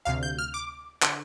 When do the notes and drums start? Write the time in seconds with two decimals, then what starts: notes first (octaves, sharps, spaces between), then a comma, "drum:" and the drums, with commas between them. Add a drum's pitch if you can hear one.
0.05 D2 C3 F5
0.23 G6
0.38 F6
0.54 D6
1.02 D3, drum: clap